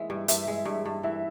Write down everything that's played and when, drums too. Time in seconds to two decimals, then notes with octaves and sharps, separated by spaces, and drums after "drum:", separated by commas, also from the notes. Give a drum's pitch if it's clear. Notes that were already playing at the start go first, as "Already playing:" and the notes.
Already playing: E3 G#3 E5
0.10 G2
0.28 G2 E5, drum: hi-hat
0.47 G#3
0.65 G2
0.86 G2
1.03 E3 E5